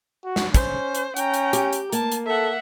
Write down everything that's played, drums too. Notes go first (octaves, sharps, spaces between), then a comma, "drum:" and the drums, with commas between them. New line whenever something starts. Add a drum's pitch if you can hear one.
F#4
drum: snare
C#4 C5, drum: kick, hi-hat
drum: hi-hat
C#4 G5 A#5, drum: hi-hat
drum: hi-hat
G4, drum: hi-hat
drum: hi-hat
A#3 A5, drum: hi-hat
drum: hi-hat
A4 E5 F#5